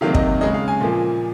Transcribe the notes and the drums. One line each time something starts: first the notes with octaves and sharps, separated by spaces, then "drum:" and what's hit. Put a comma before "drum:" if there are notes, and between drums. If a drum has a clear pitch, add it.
C3 D#3 F#3 A#3 F5
D#5, drum: kick
C#3 G#3 D#5
F5
G#5
A#2 F3 A#3